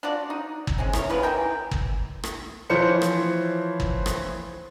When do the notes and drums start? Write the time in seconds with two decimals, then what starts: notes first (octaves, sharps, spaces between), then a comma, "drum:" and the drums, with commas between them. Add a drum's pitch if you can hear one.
0.03 D4 F4 F#4 D5
0.30 D#4
0.67 drum: kick
0.78 G#3 C4 C#4
0.93 E4 A#4 C#5, drum: rim click
1.09 F#3 G#3 F4 B4
1.23 E3 D#4 A#4 G5
1.71 drum: kick
2.23 drum: rim click
2.70 E3 F3 C5 C#5 C#7
3.02 drum: rim click
3.80 drum: kick
4.06 drum: rim click